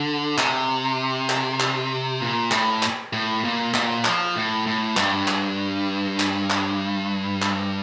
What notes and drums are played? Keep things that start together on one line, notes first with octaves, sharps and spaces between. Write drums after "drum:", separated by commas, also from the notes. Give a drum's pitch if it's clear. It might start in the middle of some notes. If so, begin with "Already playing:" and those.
Already playing: D3
C3, drum: clap
drum: clap
drum: clap
A#2
A2, drum: clap
drum: clap
A2
A#2
A#2, drum: clap
F3, drum: clap
A2
A2
G2, drum: clap
drum: clap
drum: clap
drum: clap
drum: clap